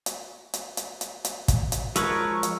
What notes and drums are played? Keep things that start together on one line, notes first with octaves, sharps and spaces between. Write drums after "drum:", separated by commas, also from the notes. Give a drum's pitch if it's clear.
drum: hi-hat
drum: hi-hat
drum: hi-hat
drum: hi-hat
drum: hi-hat
drum: kick, hi-hat
drum: hi-hat
F3 G#3 A#4 B4 C#5 C#6 E6, drum: hi-hat
drum: hi-hat